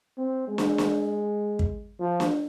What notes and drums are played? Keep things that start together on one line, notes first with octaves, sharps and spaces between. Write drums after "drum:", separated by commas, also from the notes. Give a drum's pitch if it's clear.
C4
G#3
drum: snare
drum: snare
drum: kick
F3
drum: snare